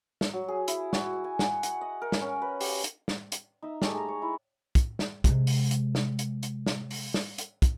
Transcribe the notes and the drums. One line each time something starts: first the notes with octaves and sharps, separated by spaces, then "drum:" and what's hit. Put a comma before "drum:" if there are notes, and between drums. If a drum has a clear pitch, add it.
drum: snare
F#3
G#4
E4, drum: hi-hat
F#4, drum: snare
G#5
F#5, drum: snare
F#5, drum: hi-hat
D#5
A#4
drum: snare
C#4
B4
G4, drum: open hi-hat
drum: hi-hat
drum: snare
drum: hi-hat
D#4 E5
G#3 A3 D#4 G4, drum: snare
G#4 A#5
C#5
E4
drum: kick, hi-hat
drum: snare
C3 G#3, drum: kick, hi-hat
drum: open hi-hat
drum: hi-hat
drum: snare
drum: hi-hat
drum: hi-hat
drum: snare
drum: open hi-hat
drum: snare
drum: hi-hat
drum: kick, hi-hat